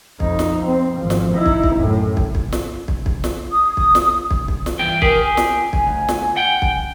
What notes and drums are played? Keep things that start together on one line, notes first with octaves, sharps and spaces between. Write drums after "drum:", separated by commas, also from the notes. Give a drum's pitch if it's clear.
F2 D#4, drum: kick
drum: snare
C4
G#1 F3
drum: snare
D#4 E4
drum: kick
drum: kick
F#2 A2
drum: kick
drum: kick
drum: snare
drum: kick
drum: kick
drum: snare
D#6
drum: kick
drum: snare
drum: kick
drum: kick
drum: snare
G2 E3 G5
G4 G#4 A#4, drum: kick
G#5
drum: snare
drum: kick
D2
drum: snare
F#5 G5
drum: kick